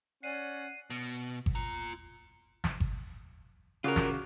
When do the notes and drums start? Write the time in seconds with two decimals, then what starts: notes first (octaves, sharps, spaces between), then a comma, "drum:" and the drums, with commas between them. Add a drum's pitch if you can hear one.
0.23 C#4 D5 F#5 C7 D#7
0.90 B2
1.46 drum: kick G1
1.55 F4 A#5
2.64 drum: snare
2.80 drum: kick G1
3.84 C#3 F4 F#4 A#4 D5
3.96 drum: snare